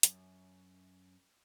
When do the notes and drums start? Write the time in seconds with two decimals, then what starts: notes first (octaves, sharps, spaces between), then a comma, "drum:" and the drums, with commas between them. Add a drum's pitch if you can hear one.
0.03 F#2, drum: hi-hat